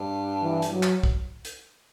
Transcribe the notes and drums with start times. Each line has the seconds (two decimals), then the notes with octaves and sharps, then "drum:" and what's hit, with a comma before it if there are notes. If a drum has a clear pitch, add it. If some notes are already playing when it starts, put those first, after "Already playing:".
Already playing: G2
0.42 E3
0.62 drum: hi-hat
0.72 F#3
0.83 drum: clap
1.03 drum: kick
1.45 drum: hi-hat